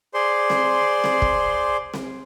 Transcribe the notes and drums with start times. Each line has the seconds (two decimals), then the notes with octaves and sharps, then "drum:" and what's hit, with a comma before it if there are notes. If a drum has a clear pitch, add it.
0.14 G#4 C5 D5 C6
0.50 drum: snare C4
1.04 drum: snare C4
1.22 drum: kick
1.94 drum: snare C4